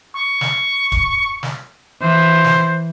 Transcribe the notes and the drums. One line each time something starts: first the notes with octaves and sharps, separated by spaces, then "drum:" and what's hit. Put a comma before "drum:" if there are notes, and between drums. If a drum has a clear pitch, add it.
C#6
drum: snare
drum: kick D1, hi-hat
drum: snare
E3 C5
drum: snare